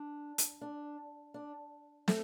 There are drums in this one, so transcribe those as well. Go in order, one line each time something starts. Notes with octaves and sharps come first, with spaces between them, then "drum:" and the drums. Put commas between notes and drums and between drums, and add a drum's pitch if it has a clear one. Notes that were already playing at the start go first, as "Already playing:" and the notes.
Already playing: D4
drum: hi-hat
D4
D4
A3, drum: snare